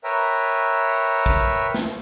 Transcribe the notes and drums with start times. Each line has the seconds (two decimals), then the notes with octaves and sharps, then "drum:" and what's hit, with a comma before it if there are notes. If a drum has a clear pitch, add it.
0.04 A#4 B4 C#5 E5 G5 A#5
1.26 drum: kick
1.74 drum: snare